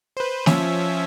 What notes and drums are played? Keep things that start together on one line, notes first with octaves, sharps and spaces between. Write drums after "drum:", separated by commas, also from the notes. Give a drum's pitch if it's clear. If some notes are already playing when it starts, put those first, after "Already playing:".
B4 C5
F3 C#4 E5, drum: snare